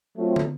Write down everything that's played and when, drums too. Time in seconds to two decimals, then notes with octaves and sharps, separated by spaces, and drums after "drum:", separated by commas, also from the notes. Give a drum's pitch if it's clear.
0.17 F#3 A3 C4 F4
0.36 drum: tom